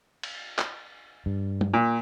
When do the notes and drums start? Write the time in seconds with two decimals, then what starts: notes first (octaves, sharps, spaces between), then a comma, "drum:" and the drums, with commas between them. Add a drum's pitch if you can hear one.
0.23 drum: cymbal
0.59 drum: clap
1.26 G2
1.61 drum: tom
1.74 A#2